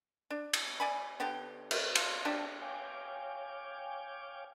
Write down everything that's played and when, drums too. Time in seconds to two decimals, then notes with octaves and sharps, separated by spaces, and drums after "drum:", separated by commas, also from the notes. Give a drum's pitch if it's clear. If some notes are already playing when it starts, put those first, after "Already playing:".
0.30 D4
0.53 drum: cymbal
0.80 D5 G#5 B5
1.20 D3 B3 D4 G4
1.71 drum: cymbal
1.95 F4, drum: cymbal
2.25 F3 D4 G4 A5
2.61 C#5 F5 G5 G#5 D6